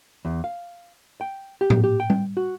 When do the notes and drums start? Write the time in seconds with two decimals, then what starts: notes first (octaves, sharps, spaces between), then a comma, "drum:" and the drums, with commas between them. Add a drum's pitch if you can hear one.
0.25 E2
0.44 F5
1.21 G5
1.61 G4
1.70 drum: tom A2
1.84 G4
2.00 G5
2.10 drum: tom G3
2.37 F#4